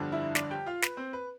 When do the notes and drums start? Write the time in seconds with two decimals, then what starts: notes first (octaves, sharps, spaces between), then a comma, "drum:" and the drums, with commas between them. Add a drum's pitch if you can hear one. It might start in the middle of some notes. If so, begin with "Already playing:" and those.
Already playing: G1 F2 D3 G3 D4
0.12 E4 E5
0.35 D4 D5, drum: snare
0.51 G4 G5
0.66 F4 F5
0.82 B4, drum: snare
0.97 C4 C5
1.13 B4